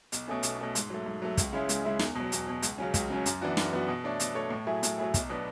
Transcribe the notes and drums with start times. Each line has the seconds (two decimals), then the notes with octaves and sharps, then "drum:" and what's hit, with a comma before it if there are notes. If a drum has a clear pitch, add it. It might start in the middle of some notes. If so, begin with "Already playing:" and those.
0.12 B1, drum: hi-hat
0.28 B2 A3 C#4
0.43 B1, drum: hi-hat
0.58 B2 A3 C#4
0.75 G#2, drum: hi-hat
0.90 F#3 A3
1.06 G#2
1.22 F#3 A3
1.37 C#2, drum: kick, hi-hat
1.53 C#3 G#3 C#4 E4
1.69 C#2, drum: hi-hat
1.85 C#3 G#3 C#4 E4
1.99 E2, drum: snare
2.15 B2 F#3
2.32 E2, drum: hi-hat
2.47 B2 F#3
2.62 C#2, drum: hi-hat
2.78 C#3 F#3 C#4
2.94 C#2, drum: kick, hi-hat
3.10 C#3 F#3 C#4
3.26 F#2, drum: hi-hat
3.42 E3 B3 D4 F#4
3.57 F#2, drum: snare
3.73 E3 B3 D4 F#4
3.88 B2
4.04 A3 D4 A4 C#5
4.20 B2, drum: hi-hat
4.35 A3 D4 A4 C#5
4.50 A2
4.67 F#3 A3 E4 G#4
4.83 A2, drum: hi-hat
4.98 F#3 A3 E4 G#4
5.14 B1, drum: kick, hi-hat
5.30 B2 F#3 B3 D4